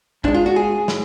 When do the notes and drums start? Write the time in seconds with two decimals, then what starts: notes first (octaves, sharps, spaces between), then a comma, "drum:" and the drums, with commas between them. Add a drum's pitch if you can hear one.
0.24 G#2 G#3 D4, drum: kick
0.34 F4
0.46 F#4
0.56 G#4
0.88 A2, drum: snare